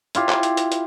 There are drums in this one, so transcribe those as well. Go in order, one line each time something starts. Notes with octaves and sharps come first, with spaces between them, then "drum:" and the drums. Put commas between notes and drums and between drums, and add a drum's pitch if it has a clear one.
E4 F4 G4, drum: hi-hat
drum: clap
drum: hi-hat
drum: hi-hat
drum: hi-hat